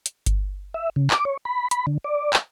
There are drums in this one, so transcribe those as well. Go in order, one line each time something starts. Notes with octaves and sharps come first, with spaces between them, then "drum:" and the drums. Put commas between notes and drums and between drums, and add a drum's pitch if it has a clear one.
drum: hi-hat
drum: kick G1, hi-hat
E5
C#3
D6, drum: clap
C#5
B5
B5, drum: hi-hat
D3
D5
drum: clap